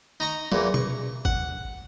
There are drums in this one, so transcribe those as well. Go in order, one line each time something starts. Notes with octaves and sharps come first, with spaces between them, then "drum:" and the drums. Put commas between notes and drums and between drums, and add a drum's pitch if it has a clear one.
D#4 A#5 C#6
E2 A#2, drum: tom
C#6, drum: tom B2
F#5, drum: kick G1